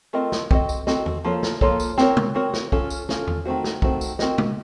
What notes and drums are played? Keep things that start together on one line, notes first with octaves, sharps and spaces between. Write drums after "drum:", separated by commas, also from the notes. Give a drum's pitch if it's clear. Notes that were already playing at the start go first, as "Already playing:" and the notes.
A3 C4 F4 A#4 D#5
drum: snare
C4 F#4 A4 D#5, drum: kick
drum: tambourine
C4 F#4 A4 D#5, drum: snare
drum: tom E2
F3 A#3 F4 A4 C#5
drum: snare
F3 A#3 F4 A4 C#5, drum: kick
drum: tambourine
C4 F#4 A#4 C#5, drum: snare
drum: tom
C4 F#4 A#4 C#5
drum: snare
C#4 F4 A4, drum: kick
drum: tambourine
C#4 F4 A4, drum: snare
drum: tom E2
D#3 A3 C4 F#4
drum: snare
D#3 A3 C4 F#4, drum: kick
drum: tambourine
C4 F#4 A#4 D#5, drum: snare
drum: tom